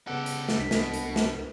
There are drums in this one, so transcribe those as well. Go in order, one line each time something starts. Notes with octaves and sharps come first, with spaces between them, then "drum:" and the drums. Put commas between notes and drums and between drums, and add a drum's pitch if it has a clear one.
C#3 B3 G4 A4 F#5
drum: hi-hat
drum: snare
C2 D4 B6
B2, drum: snare
drum: hi-hat
drum: snare